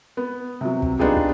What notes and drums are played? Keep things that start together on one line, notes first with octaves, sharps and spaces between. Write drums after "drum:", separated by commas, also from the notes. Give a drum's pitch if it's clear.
B3
C3 F#3
drum: kick
B3 D4 D#4 F4 G4 G#4
drum: kick